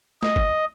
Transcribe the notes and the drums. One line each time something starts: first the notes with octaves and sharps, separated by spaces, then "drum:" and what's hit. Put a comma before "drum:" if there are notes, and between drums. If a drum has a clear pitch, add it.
D#5, drum: snare
drum: kick